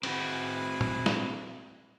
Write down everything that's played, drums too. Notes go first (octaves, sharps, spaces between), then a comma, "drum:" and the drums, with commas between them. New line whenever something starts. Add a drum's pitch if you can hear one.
C4 E4 F#4 G#4 B4, drum: cymbal
drum: tom
drum: snare